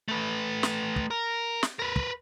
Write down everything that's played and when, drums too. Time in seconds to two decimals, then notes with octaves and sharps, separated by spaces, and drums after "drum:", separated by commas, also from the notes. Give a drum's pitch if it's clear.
0.08 A3 B4
0.63 drum: snare
0.96 drum: kick
1.11 A#4
1.63 drum: snare
1.79 A#4 B4
1.96 drum: kick